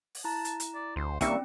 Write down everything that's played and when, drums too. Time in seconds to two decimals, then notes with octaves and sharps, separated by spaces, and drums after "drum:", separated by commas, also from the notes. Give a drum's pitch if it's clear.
0.15 drum: open hi-hat
0.24 E4 A5 A#5
0.45 drum: hi-hat
0.60 drum: hi-hat
0.75 D5
0.96 D2 C5
1.21 D#2 G3 A#3 C4 C#4 E5 G5 C#6, drum: kick, hi-hat